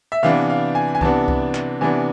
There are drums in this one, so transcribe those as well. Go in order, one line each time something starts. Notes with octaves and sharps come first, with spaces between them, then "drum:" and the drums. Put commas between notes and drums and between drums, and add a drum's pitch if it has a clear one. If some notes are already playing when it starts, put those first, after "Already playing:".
E5
C3 E3 B3 D4 F5
F5
G#5
G#5
C3 E3 B3 D4 A5, drum: kick C2
drum: kick C2
drum: clap
C3 E3 B3 D4 G#5